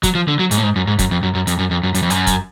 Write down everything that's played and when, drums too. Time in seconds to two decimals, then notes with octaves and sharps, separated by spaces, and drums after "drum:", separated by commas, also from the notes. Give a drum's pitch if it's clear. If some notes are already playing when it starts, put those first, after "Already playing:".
0.03 F#3, drum: kick, hi-hat
0.15 F3
0.28 D3
0.39 F#3
0.51 G#2, drum: hi-hat
0.58 A2
0.63 G#2
0.76 F#2
0.87 G#2
0.99 F#2, drum: kick, hi-hat
1.11 F2
1.23 F#2
1.35 F#2
1.47 F2, drum: hi-hat
1.59 F#2
1.71 F2
1.83 F#2
1.95 F#2, drum: hi-hat
2.02 F2
2.10 F#2, drum: hi-hat
2.27 drum: kick, hi-hat